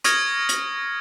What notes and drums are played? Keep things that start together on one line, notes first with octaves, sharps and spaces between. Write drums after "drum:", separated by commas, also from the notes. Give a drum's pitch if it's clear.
C#6 D#6 F6 G#6 A#6 C#7, drum: hi-hat
drum: hi-hat